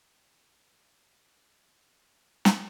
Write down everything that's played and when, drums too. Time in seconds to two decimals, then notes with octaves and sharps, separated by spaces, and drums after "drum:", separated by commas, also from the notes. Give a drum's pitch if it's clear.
0.02 C5 D5 F#5
0.68 G#2 C#7
0.96 D3
1.64 G3 D#4 F#4
2.45 drum: snare